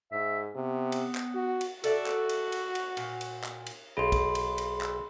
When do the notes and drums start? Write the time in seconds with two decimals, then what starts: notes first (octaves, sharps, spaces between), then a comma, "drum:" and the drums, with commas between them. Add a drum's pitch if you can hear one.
0.12 G#2 E5
0.55 C3 B3
0.92 drum: cymbal
1.15 drum: clap
1.35 F#4
1.61 drum: cymbal
1.84 F#4 A4 D5 E5, drum: cymbal
2.07 drum: clap
2.29 drum: cymbal
2.52 drum: cymbal
2.75 drum: cymbal
2.97 A#2, drum: cymbal
3.21 drum: cymbal
3.44 drum: clap
3.67 drum: cymbal
3.97 B1 G#4 D#5 B5 C6
4.12 drum: kick, cymbal
4.35 drum: cymbal
4.58 drum: cymbal
4.81 drum: clap